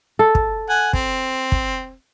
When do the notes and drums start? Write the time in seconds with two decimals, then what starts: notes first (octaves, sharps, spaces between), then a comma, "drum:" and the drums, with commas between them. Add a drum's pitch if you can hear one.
0.19 A4
0.35 drum: kick
0.69 F#5 G#5
0.93 C4, drum: kick
1.52 drum: kick